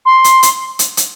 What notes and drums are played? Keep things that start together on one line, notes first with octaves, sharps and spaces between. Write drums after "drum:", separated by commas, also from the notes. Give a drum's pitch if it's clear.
C6
drum: hi-hat
drum: hi-hat
drum: hi-hat
drum: hi-hat